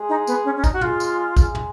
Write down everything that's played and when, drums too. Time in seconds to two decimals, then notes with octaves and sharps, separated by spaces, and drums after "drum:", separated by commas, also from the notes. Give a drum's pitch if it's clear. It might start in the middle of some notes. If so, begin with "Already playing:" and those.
Already playing: G#3 G#4
0.09 D#4
0.27 B3, drum: tambourine
0.45 C#4
0.57 C#4
0.64 D#4, drum: kick A1, tambourine
0.73 F#4
0.81 G#3 F4 G#4, drum: tom
1.00 drum: tambourine
1.37 G#3 G#4, drum: kick A1, tambourine
1.55 drum: tom